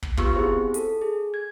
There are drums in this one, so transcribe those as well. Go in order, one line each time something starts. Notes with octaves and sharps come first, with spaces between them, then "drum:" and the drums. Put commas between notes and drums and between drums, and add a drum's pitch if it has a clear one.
drum: kick
B3 F4 G4 C#6 E6, drum: kick
C4 E4 G4 G#4 C5
A4, drum: hi-hat
G#4
G#6